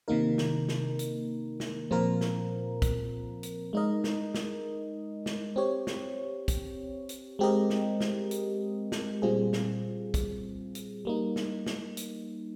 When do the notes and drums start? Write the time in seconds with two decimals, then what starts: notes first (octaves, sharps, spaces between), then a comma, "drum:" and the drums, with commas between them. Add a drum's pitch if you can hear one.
0.08 C3 D#3 A#3 D#4 A#4
0.38 drum: snare
0.69 drum: snare
0.99 drum: hi-hat
1.60 drum: snare
1.91 A#2 F3 C4 F4 A#4
2.21 drum: snare
2.82 drum: kick, hi-hat
3.43 drum: hi-hat
3.73 G#3 D#4 A#4 D#5
4.04 drum: snare
4.35 drum: snare
5.26 drum: snare
5.56 C4 G4 C#5
5.87 drum: snare
6.48 drum: kick, hi-hat
7.09 drum: hi-hat
7.39 G#3 C4 G4 A#4 D#5
7.70 drum: snare
8.01 drum: snare
8.31 drum: hi-hat
8.92 drum: snare
9.22 A#2 G3 C4 F4 G#4
9.53 drum: snare
10.14 drum: kick, hi-hat
10.75 drum: hi-hat
11.05 G3 A#3 D#4
11.36 drum: snare
11.66 drum: snare
11.97 drum: hi-hat